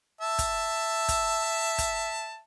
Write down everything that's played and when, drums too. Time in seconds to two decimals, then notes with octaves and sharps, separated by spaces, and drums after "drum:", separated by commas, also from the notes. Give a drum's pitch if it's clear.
0.21 E5 A5
0.39 drum: kick, hi-hat
1.09 drum: kick, hi-hat
1.78 drum: kick, hi-hat